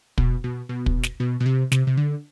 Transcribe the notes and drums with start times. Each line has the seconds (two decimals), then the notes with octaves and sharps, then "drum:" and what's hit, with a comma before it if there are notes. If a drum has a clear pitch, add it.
0.18 B2, drum: kick
0.44 B2
0.69 B2
0.86 drum: kick
1.03 drum: snare
1.20 B2
1.40 B2
1.46 C3
1.72 C3, drum: snare
1.87 C3
1.97 D3